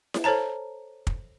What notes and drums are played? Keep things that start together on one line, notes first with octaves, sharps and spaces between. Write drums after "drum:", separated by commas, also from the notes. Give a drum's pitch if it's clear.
drum: snare E4
A4 C5 C#5 A5 A#5
drum: kick